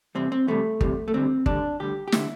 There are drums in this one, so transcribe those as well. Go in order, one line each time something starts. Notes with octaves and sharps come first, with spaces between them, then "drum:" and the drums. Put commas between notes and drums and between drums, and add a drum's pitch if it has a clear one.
E2 C3 G3 C4
C4
E2 C3 G3 A3
E2 C3 G3, drum: kick
A3
D2 D3 G3 C4
D2 D3 G3 D4, drum: kick
D2 D3 G3 G4
G4
D3 G3 E4, drum: snare